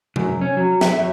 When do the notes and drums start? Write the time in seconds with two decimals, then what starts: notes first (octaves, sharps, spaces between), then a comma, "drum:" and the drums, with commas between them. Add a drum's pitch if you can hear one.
0.16 F#2, drum: tom C3
0.41 C#4
0.57 F#3
0.81 E5, drum: snare
0.99 F#2